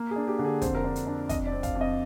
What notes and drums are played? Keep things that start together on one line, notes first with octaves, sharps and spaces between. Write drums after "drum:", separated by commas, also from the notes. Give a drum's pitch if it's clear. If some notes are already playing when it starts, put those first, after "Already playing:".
Already playing: A#3
G#4
D4
G4
D3
G#4
F2 C5, drum: kick, hi-hat
A#4
D4 C5
drum: hi-hat
D4
F2 D#5, drum: kick, hi-hat
D5
C4
F5, drum: kick, hi-hat
F2
D#5